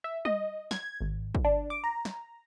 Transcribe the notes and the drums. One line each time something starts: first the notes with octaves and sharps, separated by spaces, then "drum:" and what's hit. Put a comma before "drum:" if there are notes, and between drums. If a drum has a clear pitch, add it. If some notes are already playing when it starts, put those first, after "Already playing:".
E5
D#5, drum: tom G3
G#6, drum: snare
G#1
drum: kick
D4
D6
A#5
drum: snare